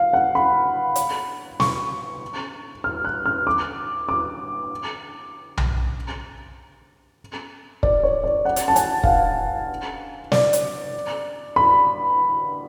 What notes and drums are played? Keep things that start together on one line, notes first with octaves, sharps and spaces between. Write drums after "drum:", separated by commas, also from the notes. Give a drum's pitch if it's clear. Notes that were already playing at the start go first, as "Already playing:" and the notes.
Already playing: F5
F#5
B5
drum: hi-hat
C#6, drum: snare
F6
F#6
F6
D6
D6
drum: tom B1
D5, drum: kick
C#5
D5
F#5
drum: hi-hat
A5
G#5, drum: hi-hat
F5, drum: kick
F#5
D5, drum: snare
drum: hi-hat
B5